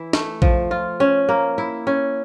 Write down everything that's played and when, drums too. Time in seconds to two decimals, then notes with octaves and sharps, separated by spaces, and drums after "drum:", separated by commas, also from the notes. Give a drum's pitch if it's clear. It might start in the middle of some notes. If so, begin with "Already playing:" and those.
Already playing: E3 E4
0.13 A3, drum: snare
0.42 F3, drum: kick A1
0.71 F4
1.00 C#4
1.29 A#3
1.58 E4
1.87 C#4